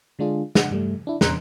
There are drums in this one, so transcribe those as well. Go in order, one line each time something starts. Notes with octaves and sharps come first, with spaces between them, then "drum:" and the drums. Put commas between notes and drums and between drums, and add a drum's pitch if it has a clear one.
D3 G#3 D4 F4 G#4
F#5, drum: snare
G2 G3 A3
D4 E4
E2 A#2 C#4 A#5 C6 F#6, drum: snare